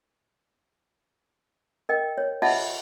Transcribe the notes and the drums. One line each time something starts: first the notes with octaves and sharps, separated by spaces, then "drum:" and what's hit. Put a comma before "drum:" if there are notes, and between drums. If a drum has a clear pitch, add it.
A#4 D#5 G5
C#5
F4 D#5 E5 F#5 A5, drum: cymbal